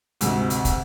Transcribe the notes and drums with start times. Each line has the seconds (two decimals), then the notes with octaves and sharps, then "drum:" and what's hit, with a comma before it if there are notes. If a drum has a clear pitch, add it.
0.21 D2 G#2 C3, drum: hi-hat
0.50 drum: hi-hat
0.65 drum: kick, hi-hat